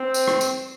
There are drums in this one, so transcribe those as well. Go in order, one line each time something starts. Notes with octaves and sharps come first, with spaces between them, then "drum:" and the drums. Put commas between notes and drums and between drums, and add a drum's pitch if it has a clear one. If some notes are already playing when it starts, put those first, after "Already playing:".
Already playing: C4
drum: tambourine
drum: rim click
drum: tambourine